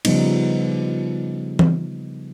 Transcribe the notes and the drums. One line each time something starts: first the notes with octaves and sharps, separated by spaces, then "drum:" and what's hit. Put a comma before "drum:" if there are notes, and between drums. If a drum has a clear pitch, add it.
C#3 F3 G3 B3 D#4, drum: cymbal
drum: tom E3